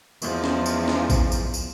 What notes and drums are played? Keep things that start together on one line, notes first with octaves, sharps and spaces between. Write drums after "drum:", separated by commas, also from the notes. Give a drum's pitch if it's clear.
E2 F3 G#3, drum: tambourine
drum: snare C#4
drum: tambourine
drum: snare C#4
drum: kick A1, tambourine
drum: tambourine
drum: tambourine